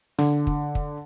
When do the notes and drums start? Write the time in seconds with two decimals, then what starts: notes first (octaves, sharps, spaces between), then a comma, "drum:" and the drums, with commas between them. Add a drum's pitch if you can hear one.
0.19 D3, drum: snare
0.47 drum: kick
0.75 drum: kick